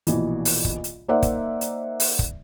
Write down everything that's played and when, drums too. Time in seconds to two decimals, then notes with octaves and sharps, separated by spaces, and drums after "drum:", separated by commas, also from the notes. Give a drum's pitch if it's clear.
0.07 A#1 B2 E3, drum: hi-hat
0.45 drum: open hi-hat
0.65 drum: kick
0.84 drum: hi-hat
1.08 A#3 D#4 C5 D5 E5 F#5
1.22 drum: kick, hi-hat
1.61 drum: hi-hat
2.00 drum: open hi-hat
2.19 drum: kick